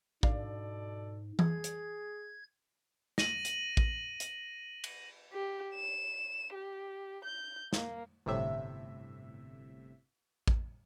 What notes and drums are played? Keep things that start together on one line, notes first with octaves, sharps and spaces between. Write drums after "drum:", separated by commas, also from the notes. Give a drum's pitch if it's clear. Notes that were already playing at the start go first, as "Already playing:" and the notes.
G#2 B2 D4 A4 D5 F5, drum: kick A1
G#4 G#6, drum: tom E3
drum: hi-hat
A#6 D#7 F#7, drum: snare
drum: hi-hat
drum: kick A1
drum: hi-hat
drum: cymbal
G4
E7
G4
G6
A#3, drum: snare
G1 A2 C3 E5
drum: kick A1